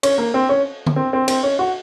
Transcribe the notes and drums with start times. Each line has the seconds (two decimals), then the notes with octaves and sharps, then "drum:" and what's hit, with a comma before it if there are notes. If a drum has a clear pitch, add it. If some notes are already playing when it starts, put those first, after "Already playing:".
0.03 C#4, drum: cymbal
0.18 A#3
0.34 C4
0.49 C#4
0.86 drum: tom D3
0.96 C4
1.13 C4
1.28 C4, drum: cymbal
1.43 C#4
1.59 F#4